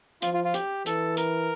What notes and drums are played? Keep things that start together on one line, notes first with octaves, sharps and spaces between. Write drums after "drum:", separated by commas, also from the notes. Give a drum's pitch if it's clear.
F3 F4, drum: hi-hat
F4
F4
G4, drum: hi-hat
E3 A4, drum: hi-hat
A#4, drum: hi-hat